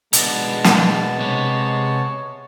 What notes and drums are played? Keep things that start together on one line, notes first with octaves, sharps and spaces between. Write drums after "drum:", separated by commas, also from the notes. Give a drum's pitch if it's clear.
B2 G#3 B3 D4 A5, drum: hi-hat
drum: snare
C3 C#5